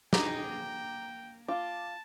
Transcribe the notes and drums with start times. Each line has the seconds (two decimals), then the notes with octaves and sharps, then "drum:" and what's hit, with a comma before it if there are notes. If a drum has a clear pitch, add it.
0.13 D#4 G#4 G5 A#5 D6, drum: snare
0.50 A#3
1.48 F4 A5 D6